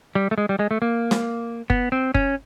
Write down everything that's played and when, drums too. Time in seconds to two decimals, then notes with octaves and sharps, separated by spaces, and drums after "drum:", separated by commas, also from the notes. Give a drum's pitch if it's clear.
0.15 G3
0.31 A3
0.38 G#3
0.49 G3
0.59 G#3
0.71 A3
0.82 A#3
1.11 drum: snare
1.70 B3, drum: kick
1.92 C4
2.14 C#4, drum: kick